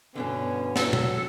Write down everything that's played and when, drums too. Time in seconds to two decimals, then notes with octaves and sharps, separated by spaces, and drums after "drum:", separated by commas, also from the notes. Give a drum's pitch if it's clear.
0.16 G2 B2 D3 B3 C#4
0.76 F#3 A4, drum: snare
0.93 drum: tom B2